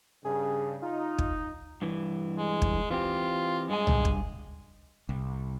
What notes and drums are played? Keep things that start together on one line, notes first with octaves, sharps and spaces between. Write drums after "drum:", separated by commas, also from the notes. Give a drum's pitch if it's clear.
G2 C#3 G#4
D#4 F4
drum: kick
G2 E3
G#3
drum: kick
E3 C4 F4 G4
G2 G#3 G#5
drum: tom
drum: kick
C2